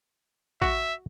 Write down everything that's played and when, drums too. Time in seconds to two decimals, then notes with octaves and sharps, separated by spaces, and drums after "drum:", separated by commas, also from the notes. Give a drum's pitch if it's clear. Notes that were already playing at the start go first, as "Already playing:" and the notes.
0.62 F#4 E5, drum: kick A#1